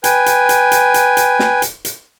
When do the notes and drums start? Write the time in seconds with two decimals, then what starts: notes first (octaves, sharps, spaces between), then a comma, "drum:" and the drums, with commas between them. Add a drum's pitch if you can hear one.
0.04 B4 G5 G#5, drum: hi-hat
0.26 drum: hi-hat
0.49 drum: hi-hat
0.72 drum: hi-hat
0.94 drum: hi-hat
1.17 drum: hi-hat
1.39 drum: snare
1.62 drum: hi-hat
1.85 drum: hi-hat